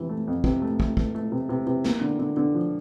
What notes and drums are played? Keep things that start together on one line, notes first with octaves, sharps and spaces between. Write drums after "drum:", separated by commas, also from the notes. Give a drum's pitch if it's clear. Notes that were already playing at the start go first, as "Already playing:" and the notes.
Already playing: C3 E3
A3
F2
C3, drum: kick
A3
A3, drum: kick
A3, drum: kick
A3
C3
C3
C3
A#3, drum: snare
D3
D3
D3
F3